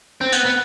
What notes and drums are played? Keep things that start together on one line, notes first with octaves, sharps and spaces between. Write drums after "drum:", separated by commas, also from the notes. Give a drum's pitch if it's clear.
C4
B3, drum: tambourine
B3